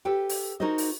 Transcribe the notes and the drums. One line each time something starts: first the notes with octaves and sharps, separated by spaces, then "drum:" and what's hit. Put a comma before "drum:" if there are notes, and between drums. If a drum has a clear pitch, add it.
G4 A4 B4 G5
drum: open hi-hat
D#4 F#4 G#4 A#4 C5 D#5
drum: open hi-hat